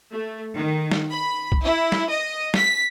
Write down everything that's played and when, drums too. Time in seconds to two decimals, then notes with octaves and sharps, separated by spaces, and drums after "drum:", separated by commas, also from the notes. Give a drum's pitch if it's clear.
0.11 A3
0.57 D#3
0.92 drum: snare
1.12 B5
1.52 drum: kick C2
1.64 E4
1.92 drum: snare
2.10 D#5
2.54 B6, drum: snare